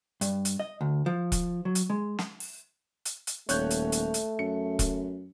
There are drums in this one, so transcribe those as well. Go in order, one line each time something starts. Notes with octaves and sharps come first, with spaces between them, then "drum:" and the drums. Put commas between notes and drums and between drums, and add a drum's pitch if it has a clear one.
G2, drum: hi-hat
drum: hi-hat
D#5
D2
F3
drum: kick E1, hi-hat
F#3
drum: hi-hat
G#3
drum: snare
drum: open hi-hat
drum: hi-hat
drum: hi-hat
D#1 A3 C#5 F#6 G6, drum: hi-hat
drum: hi-hat
drum: hi-hat
drum: hi-hat
F#2 C#7
drum: kick E1, hi-hat